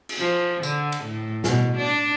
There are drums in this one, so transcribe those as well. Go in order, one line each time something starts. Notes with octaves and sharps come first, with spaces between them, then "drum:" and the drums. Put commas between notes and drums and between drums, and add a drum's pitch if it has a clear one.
drum: cymbal
F3
D3, drum: tambourine
drum: cymbal
A2
B2, drum: snare
D4